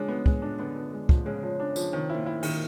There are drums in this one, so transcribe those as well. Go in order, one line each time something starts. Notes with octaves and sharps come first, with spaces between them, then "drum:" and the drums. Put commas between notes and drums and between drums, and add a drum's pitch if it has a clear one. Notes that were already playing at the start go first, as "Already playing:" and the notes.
Already playing: C#3 G#3 D4
B3
G#3, drum: kick
D4
D3 B3
B3
G#3
F3, drum: kick
C#3 G#3
F3
D4
F3, drum: tambourine
C3 D#3
A#2 E4
E4
D#3, drum: cymbal